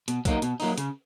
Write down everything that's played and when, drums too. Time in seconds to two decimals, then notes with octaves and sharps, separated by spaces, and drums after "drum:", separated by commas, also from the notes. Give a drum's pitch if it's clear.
0.08 B2, drum: hi-hat
0.25 F#3 A#3 D#4, drum: kick B1, hi-hat
0.42 B2, drum: hi-hat
0.60 F#3 A#3 D#4, drum: open hi-hat
0.78 C#3, drum: hi-hat